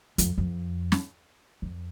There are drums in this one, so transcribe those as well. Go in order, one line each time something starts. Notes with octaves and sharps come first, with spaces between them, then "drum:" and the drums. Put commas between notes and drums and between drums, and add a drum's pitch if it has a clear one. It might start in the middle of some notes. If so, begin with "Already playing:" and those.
F2, drum: hi-hat
F2
drum: snare
F2